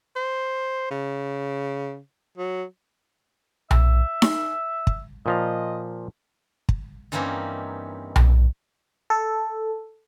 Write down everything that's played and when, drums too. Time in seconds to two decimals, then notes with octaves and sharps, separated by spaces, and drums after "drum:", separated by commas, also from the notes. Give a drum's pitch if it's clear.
0.16 C5
0.91 C#3
2.38 F#3
3.71 E5, drum: tom B1
4.22 drum: snare D#4
4.87 drum: kick
5.26 A#2 F3 D#5 A#5
6.69 drum: kick
7.12 G2 E3 A#3 C4 C#4 D#4
8.16 drum: tom B1
9.10 A4